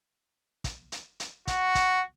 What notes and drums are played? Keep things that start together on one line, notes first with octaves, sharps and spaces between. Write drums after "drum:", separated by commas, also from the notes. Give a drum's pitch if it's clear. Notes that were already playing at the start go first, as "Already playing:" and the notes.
drum: kick, hi-hat
drum: hi-hat
drum: hi-hat
F#4, drum: kick, hi-hat
drum: kick, hi-hat